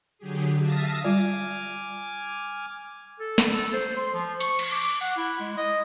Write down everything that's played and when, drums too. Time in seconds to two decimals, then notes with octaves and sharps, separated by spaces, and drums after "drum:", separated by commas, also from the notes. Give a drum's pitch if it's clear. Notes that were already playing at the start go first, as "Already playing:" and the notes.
0.18 D3 F#3 G4 G#4
0.60 E5 F5 A5 D#6 F6 A#6
1.04 G3 F4 D5 G#5 D6 F6
3.20 A4
3.38 drum: snare
3.53 A4
3.73 C5
3.97 C6
4.14 F3
4.41 C#6, drum: hi-hat
4.59 drum: cymbal
4.72 D6
5.01 F#5
5.17 E4
5.40 G#3
5.57 D#5